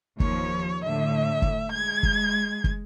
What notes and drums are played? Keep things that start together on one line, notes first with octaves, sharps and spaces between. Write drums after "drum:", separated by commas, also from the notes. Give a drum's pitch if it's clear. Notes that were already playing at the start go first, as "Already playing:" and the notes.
D#2 F3 C#5, drum: kick
A2 D3 A3 E5
drum: kick
G#3 G#6
drum: kick
drum: kick